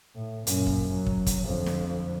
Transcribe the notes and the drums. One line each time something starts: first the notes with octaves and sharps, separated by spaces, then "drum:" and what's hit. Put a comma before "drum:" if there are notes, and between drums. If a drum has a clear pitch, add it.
A2
F#2 A#2, drum: hi-hat
drum: kick
F#3
drum: kick
drum: kick, hi-hat
F2 D3
drum: snare